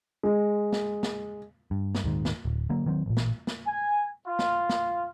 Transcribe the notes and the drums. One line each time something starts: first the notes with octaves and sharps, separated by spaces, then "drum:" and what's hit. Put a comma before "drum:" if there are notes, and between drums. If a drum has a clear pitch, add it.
G#3
drum: snare
drum: snare
G2
drum: snare
D#1 G#2 D#3
drum: snare
D1
D3 F#3 A#3
D#3 F#3 C4
A1 A#2
drum: snare
drum: snare
G#5
F4
drum: snare
drum: snare